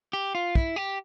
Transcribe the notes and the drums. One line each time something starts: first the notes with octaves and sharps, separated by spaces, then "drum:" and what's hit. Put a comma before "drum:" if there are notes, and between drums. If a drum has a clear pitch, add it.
G4
F4
E4, drum: kick
G4